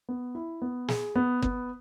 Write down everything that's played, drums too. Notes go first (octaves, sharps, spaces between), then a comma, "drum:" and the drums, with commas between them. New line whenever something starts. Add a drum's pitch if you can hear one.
B3
E4
B3
G#4, drum: snare
B3
B3, drum: kick